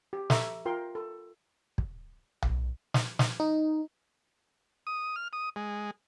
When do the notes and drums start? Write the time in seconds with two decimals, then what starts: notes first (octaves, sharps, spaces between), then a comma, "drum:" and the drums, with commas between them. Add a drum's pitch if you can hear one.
0.13 G4
0.30 A4 E5 A#5 C#6, drum: snare
0.65 F4 A#4 G5 C6
0.95 A4
1.78 drum: kick
2.42 drum: tom B1
2.94 drum: snare
3.19 drum: snare
3.40 D#4
4.87 D#6
5.16 F6
5.33 D#6
5.56 G#3